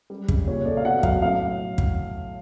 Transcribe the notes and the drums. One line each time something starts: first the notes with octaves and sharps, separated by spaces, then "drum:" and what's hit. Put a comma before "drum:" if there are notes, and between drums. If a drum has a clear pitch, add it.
G3
C#3, drum: kick
A#2 C#5
A3 D5
F5
B2 F#5
F#3 F5, drum: kick
A2 F5
drum: kick